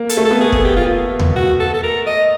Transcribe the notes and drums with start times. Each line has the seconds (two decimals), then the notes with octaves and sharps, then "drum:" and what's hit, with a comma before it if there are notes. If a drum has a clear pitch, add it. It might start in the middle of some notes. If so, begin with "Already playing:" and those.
Already playing: A#3
0.09 A4, drum: hi-hat
0.17 A3
0.25 A4
0.31 B3
0.40 A#3 G#4
0.52 G#4, drum: kick
0.64 G4
0.76 F4
1.19 drum: tom D#2
1.36 F#4
1.60 A4
1.74 A4
1.83 A#4
2.06 D#5